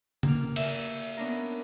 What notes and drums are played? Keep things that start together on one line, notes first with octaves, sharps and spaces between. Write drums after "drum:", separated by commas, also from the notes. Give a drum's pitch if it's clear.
A#3 F6, drum: tom C#3
E5, drum: cymbal
B3 C#4 D4 A#4